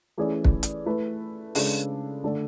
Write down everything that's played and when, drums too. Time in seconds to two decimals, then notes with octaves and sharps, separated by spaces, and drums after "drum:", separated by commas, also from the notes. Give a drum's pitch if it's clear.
0.18 E3 A3 C#4 G#4 D5
0.45 drum: kick
0.63 drum: hi-hat
0.86 A3 E4 B4
1.55 C#3 G#3 D4 A4, drum: open hi-hat
2.24 D3 A3 D4 A4 D5